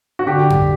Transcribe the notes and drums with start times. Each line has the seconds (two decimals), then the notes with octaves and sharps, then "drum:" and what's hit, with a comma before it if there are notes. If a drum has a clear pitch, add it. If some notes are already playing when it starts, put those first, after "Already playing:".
0.19 F#4
0.26 D3 G4
0.50 drum: tom F2